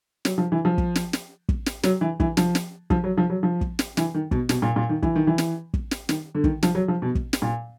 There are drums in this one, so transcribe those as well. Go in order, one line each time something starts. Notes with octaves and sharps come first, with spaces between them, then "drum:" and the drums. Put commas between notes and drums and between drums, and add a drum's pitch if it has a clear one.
F#3, drum: snare
F3
E3
F3
drum: kick
drum: snare
drum: snare
drum: kick
drum: snare
F#3, drum: snare
E3
E3, drum: kick
F3, drum: snare
drum: snare
F3, drum: kick
F#3
F3
F#3
F3
drum: kick
drum: snare
E3, drum: snare
D#3
B2, drum: kick
B2, drum: snare
A#2
A#2
D#3
E3, drum: kick
D#3
E3
drum: snare
drum: kick
drum: snare
D#3, drum: snare
D3
D#3, drum: kick
F3, drum: snare
F#3
F3
B2
drum: kick
drum: snare
A#2